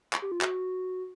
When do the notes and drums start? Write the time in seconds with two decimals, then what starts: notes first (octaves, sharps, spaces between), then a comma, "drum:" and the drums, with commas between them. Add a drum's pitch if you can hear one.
0.13 drum: clap
0.22 G4
0.32 F4
0.41 F#4, drum: clap